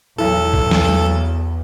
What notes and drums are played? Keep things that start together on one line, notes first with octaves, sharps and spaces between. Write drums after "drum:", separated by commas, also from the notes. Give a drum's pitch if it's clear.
B1 E2 E3 A4
drum: kick
drum: snare
drum: tom